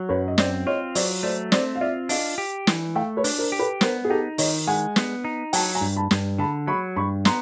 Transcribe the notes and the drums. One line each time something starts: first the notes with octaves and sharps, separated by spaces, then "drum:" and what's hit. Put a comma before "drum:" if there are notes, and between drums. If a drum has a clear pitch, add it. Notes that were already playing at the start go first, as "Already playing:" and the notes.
Already playing: F#3
F#2 B4 C#5
D#5
C4 C5 D5, drum: snare
F4 C#5 D#5
F#3 C5 D5, drum: open hi-hat
A3 C5 D5
C4 C5 D5, drum: snare
F5
F4 D5 E5
D4 D#5 F5, drum: open hi-hat
G4
E3, drum: snare
A3 F5 G5
B4 C#5
D4, drum: open hi-hat
A#4 C5
G4
A4 B4
B3 A#4 C5, drum: snare
G#4
D#4 G4 A4
D#3 C#5 D#5, drum: open hi-hat
G#3 F#5 G#5
B3, drum: snare
D#4
F#3 G5 A5, drum: open hi-hat
G#5 A#5
G2
A5 B5
G2, drum: snare
D3 A5 B5
F#3 B5 C#6
G2 B5 C#6
B3 A#5 C6, drum: snare